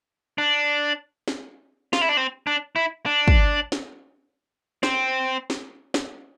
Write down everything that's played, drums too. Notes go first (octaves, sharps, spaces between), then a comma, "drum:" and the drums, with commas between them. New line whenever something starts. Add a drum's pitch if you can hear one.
D4
drum: snare
F4, drum: snare
E4
D4
C4
D4
E4
D4
drum: kick
drum: snare
C4, drum: snare
drum: snare
drum: snare